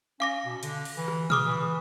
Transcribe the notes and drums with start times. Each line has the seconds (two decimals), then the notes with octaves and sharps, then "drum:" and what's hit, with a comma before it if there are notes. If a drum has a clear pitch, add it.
0.20 C#4 F5 D6 A#6
0.46 B2
0.63 D3, drum: hi-hat
0.85 drum: open hi-hat
0.97 E3
1.08 drum: rim click
1.30 C#3 D6 D#6 F6, drum: tom A#2
1.46 E3